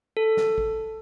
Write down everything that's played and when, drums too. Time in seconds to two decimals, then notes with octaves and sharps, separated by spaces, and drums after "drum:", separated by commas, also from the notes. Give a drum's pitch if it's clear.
0.17 A4
0.37 drum: snare
0.58 drum: kick